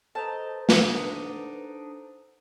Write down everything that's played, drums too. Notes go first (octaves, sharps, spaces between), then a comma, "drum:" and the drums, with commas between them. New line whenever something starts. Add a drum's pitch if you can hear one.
A4 B4 C5 D#5 A5 A#5
D4 D#4 F#5, drum: snare